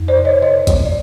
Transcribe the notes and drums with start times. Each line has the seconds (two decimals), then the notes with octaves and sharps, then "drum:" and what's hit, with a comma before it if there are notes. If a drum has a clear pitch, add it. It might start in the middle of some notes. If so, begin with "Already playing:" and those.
Already playing: F2
0.08 C5 D5
0.17 C3
0.25 C#5 D#5
0.42 C3 C#5 D#5
0.67 C3, drum: kick, hi-hat
0.86 D5